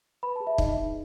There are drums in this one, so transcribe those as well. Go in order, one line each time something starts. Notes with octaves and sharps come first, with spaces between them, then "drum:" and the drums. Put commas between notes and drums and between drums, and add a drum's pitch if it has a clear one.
B4 B5
G#4 A5
E5
D#4 D#5, drum: kick
D#4